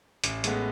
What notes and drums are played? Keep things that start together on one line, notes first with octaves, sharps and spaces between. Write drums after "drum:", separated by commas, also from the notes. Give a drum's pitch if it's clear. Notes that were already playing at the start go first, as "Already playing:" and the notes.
A1, drum: hi-hat
A2 G#3 B3, drum: hi-hat